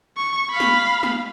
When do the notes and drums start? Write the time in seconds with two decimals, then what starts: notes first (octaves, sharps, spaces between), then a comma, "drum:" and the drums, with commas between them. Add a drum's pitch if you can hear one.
0.17 C#6
0.50 F5 B5
0.60 drum: snare
1.03 drum: snare